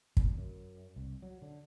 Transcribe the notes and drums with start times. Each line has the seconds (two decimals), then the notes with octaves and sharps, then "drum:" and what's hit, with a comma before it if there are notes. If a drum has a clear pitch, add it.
0.17 D1, drum: kick
0.38 F#2
0.96 C2
1.22 F#3
1.42 D3